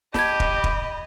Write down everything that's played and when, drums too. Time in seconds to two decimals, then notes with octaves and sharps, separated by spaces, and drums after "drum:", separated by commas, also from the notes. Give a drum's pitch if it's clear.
0.14 G4 D#5 A5 B5 G#6, drum: snare
0.40 drum: kick
0.64 drum: kick